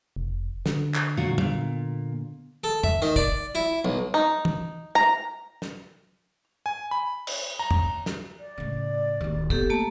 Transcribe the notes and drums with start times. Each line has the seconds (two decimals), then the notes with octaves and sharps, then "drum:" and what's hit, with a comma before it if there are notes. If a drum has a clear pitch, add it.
0.16 F1
0.66 D3, drum: snare
0.94 drum: clap
1.17 A#2 F#3 F#4
1.38 A#2, drum: tom
2.64 A4
2.83 E5, drum: tom E2
3.02 D#3
3.16 D5, drum: kick
3.55 E4
3.85 B1
4.14 D#4
4.45 drum: tom
4.95 A#5
5.62 drum: snare
6.66 G#5
6.91 B5
7.27 drum: cymbal
7.59 A#5
7.71 drum: tom E2
8.06 drum: snare
8.40 D5
8.58 A2 C#3
9.21 D1 D#2
9.50 F#3 B3 G4 A4, drum: kick
9.70 A3 A#3 A5